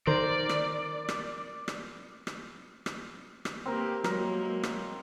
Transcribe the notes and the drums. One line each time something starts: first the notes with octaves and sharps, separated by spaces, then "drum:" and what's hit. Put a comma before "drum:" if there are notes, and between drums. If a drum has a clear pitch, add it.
D#3 A#4 C5 D5
drum: rim click
drum: rim click
drum: rim click
drum: rim click
drum: rim click
drum: rim click
A#3 C4 G4 A#4
F#3 G#3 A#3 A#4, drum: rim click
drum: rim click